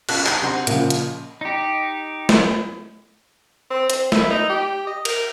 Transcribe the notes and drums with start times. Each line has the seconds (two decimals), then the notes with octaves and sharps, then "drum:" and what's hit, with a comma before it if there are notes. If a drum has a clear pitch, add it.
0.09 B2 C#4 F4 A5 F#6 B6, drum: cymbal
0.26 F#3 D#4 G6, drum: clap
0.42 C3 D4 F#4 F#5 C6
0.67 A#2 C#3 F3, drum: hi-hat
0.90 drum: hi-hat
1.41 D#4 G4
2.29 drum: snare
3.71 C4
3.90 C4, drum: hi-hat
4.12 E4, drum: snare
4.31 D#4
4.50 G4
4.87 D#5
5.05 A#4, drum: cymbal